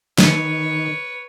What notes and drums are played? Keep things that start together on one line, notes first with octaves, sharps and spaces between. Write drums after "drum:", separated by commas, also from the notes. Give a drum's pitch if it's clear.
D#3 B4 C#5, drum: snare